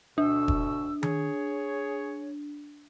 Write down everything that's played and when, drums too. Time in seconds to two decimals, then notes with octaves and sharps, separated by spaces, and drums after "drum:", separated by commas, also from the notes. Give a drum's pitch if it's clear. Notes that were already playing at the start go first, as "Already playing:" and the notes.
0.18 D2 B2 D4 E6
0.48 drum: kick E1
1.03 G#4 C#5, drum: tom D#3